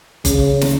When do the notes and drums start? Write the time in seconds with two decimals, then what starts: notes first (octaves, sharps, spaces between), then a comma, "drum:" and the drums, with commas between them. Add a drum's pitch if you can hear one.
0.25 C#3, drum: kick F#1, hi-hat
0.61 drum: snare